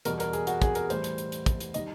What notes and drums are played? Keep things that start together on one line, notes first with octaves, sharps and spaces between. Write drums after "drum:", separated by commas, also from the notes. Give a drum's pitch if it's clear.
E2 B2 G3 A#4, drum: hi-hat
A#4, drum: hi-hat
G#4, drum: hi-hat
F#4, drum: hi-hat
G#4, drum: kick, hi-hat
A#4, drum: hi-hat
A2 E3 G3 C5, drum: hi-hat
drum: hi-hat
drum: hi-hat
drum: hi-hat
drum: kick, hi-hat
drum: hi-hat
D#3 G3 D#5, drum: hi-hat